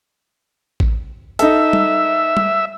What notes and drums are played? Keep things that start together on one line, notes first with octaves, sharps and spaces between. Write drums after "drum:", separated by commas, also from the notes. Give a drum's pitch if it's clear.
drum: kick A1
D#4 A4 E5, drum: hi-hat
drum: tom G3
drum: tom G3